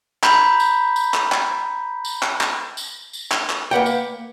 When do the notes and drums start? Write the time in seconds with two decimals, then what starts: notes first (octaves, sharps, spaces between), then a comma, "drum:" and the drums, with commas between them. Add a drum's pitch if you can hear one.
0.23 A#5 B5 G6 B6, drum: clap
0.60 drum: tambourine
0.96 drum: tambourine
1.14 drum: clap
1.32 drum: clap
2.05 drum: tambourine
2.23 drum: clap
2.41 drum: clap
2.77 drum: tambourine
3.13 drum: tambourine
3.31 drum: clap
3.50 drum: clap
3.71 A#3 B4 F#5 G5
3.86 drum: tambourine